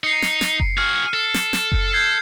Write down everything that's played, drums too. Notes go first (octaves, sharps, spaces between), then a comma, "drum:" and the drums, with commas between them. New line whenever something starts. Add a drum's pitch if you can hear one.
D#4 C7 C#7
drum: snare
drum: snare
drum: kick F#1
F#4 G#4 F6
A4
drum: snare
drum: snare
drum: kick F#1
G6 G#6 C7